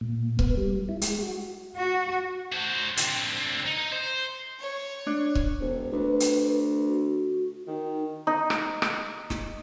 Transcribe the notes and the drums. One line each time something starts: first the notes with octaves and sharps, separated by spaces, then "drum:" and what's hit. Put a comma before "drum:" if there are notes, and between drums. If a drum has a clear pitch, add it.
A#2
B3, drum: kick C#1
G3
E4
G#3, drum: hi-hat
F#4
F#4
F#4 C5
D3 C4, drum: hi-hat
D#4
C5
C#5
D4
drum: kick C#1
E1 C5
D2 B4
drum: hi-hat
F#4
D#3 D#4
D#4
drum: rim click
drum: rim click
drum: snare